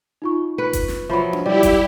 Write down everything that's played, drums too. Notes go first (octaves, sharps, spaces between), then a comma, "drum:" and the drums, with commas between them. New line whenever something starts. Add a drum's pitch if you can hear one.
D#4 F4 C#6
B4
drum: kick F#1, hi-hat
drum: snare
F3 F#3 E5 B5
drum: tom C#4
G3 E4 G4
drum: kick F#1, hi-hat